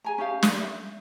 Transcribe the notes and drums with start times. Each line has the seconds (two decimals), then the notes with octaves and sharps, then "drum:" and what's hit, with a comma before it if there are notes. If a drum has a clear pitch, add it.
0.05 G#4 G#5 A#5
0.18 C#4 D#4 G4 F5
0.43 drum: snare
0.60 E5